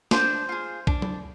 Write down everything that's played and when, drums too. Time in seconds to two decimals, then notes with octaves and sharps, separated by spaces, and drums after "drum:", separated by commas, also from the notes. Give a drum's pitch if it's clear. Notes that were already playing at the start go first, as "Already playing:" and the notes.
0.11 D4 C5, drum: snare
0.49 F4 G#4
0.87 D4, drum: kick
1.02 drum: tom F#3